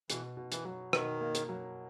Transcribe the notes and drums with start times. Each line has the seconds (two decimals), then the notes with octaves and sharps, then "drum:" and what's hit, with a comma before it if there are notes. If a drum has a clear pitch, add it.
0.10 B2 E3, drum: hi-hat
0.37 B2
0.52 E3, drum: hi-hat
0.65 F#3
0.93 B2 D#3, drum: rim click
1.21 A#3
1.35 drum: hi-hat
1.49 F#3